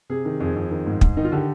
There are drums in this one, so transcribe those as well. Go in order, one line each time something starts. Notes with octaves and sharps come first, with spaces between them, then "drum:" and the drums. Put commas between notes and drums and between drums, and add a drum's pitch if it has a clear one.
C3 G#4
D#3
F2 G#4
F2
D#3
G#2
G#2, drum: kick
D#3 D#4
F4
D3 G4